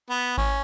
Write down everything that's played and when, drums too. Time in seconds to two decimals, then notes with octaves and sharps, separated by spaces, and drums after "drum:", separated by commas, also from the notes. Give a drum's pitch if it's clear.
0.10 B3
0.38 C#4, drum: kick G#1